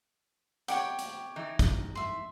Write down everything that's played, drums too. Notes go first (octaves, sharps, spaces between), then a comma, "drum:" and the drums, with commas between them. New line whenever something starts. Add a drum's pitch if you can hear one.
G4 C#5 F#5 G5, drum: hi-hat
drum: hi-hat
E3 D#4
drum: kick, hi-hat
E5 C6